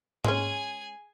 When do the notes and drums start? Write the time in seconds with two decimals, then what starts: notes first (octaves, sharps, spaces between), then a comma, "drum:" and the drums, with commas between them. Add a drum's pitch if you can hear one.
0.25 G#3 C#4 G#4 G#5, drum: tom G#2